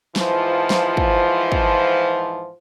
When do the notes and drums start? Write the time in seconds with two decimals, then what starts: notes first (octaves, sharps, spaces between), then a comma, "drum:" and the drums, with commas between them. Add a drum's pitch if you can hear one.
0.16 G#2 E3 F3, drum: snare
0.70 drum: snare
0.97 drum: kick
1.52 drum: kick